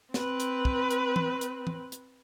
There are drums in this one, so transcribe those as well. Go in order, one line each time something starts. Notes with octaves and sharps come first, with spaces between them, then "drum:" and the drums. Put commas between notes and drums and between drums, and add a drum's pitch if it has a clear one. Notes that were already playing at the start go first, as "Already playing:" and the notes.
C4 B4, drum: snare
drum: hi-hat
drum: kick
drum: hi-hat
drum: tom E3
drum: hi-hat
drum: tom E3
drum: hi-hat